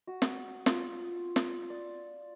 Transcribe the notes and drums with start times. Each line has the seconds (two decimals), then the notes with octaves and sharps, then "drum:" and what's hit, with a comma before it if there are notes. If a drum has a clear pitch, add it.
0.07 F#4
0.22 drum: snare
0.66 F4, drum: snare
1.36 drum: snare
1.70 D5